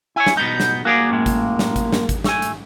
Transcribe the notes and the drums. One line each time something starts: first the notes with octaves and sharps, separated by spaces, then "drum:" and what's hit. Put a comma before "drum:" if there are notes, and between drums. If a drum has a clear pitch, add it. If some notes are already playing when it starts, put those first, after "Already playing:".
E4 C#5 G#5
drum: snare
B2 B3 D#4 G6
drum: snare
A#3 F#4 G#4 D5
F#2 A2 G#3
drum: kick G#1, hi-hat
drum: snare
drum: kick G#1, hi-hat
drum: snare
drum: kick G#1, hi-hat
A3 G#5, drum: snare
drum: hi-hat